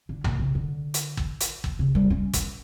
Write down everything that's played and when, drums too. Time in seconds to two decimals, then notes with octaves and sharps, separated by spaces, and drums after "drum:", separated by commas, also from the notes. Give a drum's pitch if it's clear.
0.09 D3
0.24 A#2, drum: tom B1
0.39 C#3
0.55 D3
0.94 drum: hi-hat
1.17 drum: kick G1
1.41 drum: hi-hat
1.64 drum: kick G1
1.79 C#3
1.95 G3
2.10 C#4
2.34 drum: kick G1, hi-hat